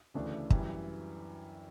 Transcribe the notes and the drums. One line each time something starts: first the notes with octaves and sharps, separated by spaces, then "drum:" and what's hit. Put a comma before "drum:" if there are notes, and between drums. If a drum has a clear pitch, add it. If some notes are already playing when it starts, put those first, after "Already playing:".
D2 C#3 E3 A3 D4
F#2 E3 G3, drum: kick